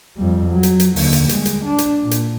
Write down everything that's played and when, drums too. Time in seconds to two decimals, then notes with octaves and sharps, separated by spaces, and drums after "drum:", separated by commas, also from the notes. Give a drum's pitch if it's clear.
0.17 F2 G3
0.50 F#3
0.63 drum: hi-hat
0.80 drum: hi-hat
0.96 D#2 D3, drum: open hi-hat
1.13 drum: hi-hat
1.29 G3 G#3, drum: hi-hat
1.45 drum: hi-hat
1.65 D4
1.78 drum: hi-hat
2.01 A#2
2.11 drum: hi-hat